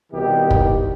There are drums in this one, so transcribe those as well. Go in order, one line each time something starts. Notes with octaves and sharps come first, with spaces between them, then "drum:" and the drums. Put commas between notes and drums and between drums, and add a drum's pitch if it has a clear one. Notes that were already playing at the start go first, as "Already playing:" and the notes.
C2 B2 D#3 G4
drum: kick